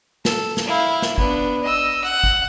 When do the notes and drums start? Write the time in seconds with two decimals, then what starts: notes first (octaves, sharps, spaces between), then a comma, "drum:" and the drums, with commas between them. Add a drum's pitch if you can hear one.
0.25 A4, drum: snare
0.57 drum: snare
0.66 E4 F5
1.02 drum: snare
1.18 B3 D4, drum: kick G#1
1.63 D#5 E6
2.04 F#5
2.24 drum: kick G#1